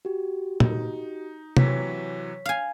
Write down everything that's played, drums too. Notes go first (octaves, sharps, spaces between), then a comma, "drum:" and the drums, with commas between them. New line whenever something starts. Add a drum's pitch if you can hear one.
F#4 G4
D#4, drum: tom A#2
C3 E3 F#3 C#5 B6, drum: tom C3
F5 G#5